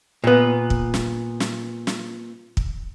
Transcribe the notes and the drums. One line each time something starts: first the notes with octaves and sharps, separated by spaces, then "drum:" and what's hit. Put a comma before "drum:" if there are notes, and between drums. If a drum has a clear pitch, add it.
A#2 B3
drum: kick
drum: snare
drum: snare
drum: snare
drum: kick